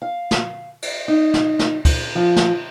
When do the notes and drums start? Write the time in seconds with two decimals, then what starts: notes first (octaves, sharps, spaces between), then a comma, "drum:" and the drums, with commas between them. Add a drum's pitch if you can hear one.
0.02 F5
0.31 drum: snare
0.82 drum: cymbal
1.08 D#4
1.34 drum: snare
1.59 drum: snare
1.85 drum: kick, cymbal
2.15 F3
2.36 drum: snare